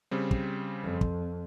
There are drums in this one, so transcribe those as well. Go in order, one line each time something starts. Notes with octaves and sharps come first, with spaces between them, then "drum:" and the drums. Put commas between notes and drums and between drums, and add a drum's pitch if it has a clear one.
C#3 G3 C4
drum: kick
F2
drum: kick